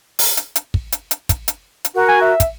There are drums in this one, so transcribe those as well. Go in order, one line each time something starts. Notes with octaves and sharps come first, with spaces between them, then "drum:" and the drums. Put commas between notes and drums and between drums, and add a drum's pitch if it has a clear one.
drum: open hi-hat
drum: hi-hat
drum: hi-hat
drum: kick
drum: hi-hat
drum: hi-hat
drum: kick, hi-hat
drum: hi-hat
drum: hi-hat
F#4 A#4
G#5
E5
drum: kick, hi-hat